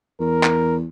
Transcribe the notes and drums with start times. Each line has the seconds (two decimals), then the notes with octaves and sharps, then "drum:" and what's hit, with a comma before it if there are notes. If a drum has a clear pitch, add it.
0.20 E2 A#4
0.43 drum: clap